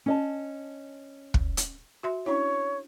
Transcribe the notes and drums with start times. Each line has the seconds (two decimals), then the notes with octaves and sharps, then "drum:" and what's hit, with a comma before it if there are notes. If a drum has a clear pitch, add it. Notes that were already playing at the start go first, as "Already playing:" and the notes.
0.06 C#4 D#5 A5
1.34 drum: kick
1.57 drum: hi-hat
2.03 F#4 E5 C6
2.26 C#4 D4 E4 C#5